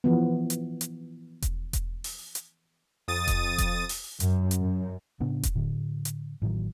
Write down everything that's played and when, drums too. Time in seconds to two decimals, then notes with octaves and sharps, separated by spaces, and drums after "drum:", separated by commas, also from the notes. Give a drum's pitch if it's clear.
0.04 E3 F3 B3
0.50 drum: hi-hat
0.81 drum: hi-hat
1.42 drum: kick E1, hi-hat
1.73 drum: kick E1, hi-hat
2.04 drum: open hi-hat
2.35 drum: hi-hat
3.08 F2 D#6 A6 D#7
3.27 drum: kick E1, hi-hat
3.58 drum: kick E1, hi-hat
3.89 drum: open hi-hat
4.20 F#2, drum: hi-hat
4.51 drum: hi-hat
4.60 F#2
5.20 A2 C#3 B3 D4
5.43 drum: kick E1, hi-hat
5.55 A2 D3
6.05 drum: hi-hat
6.42 A1 A2 D#3 F#3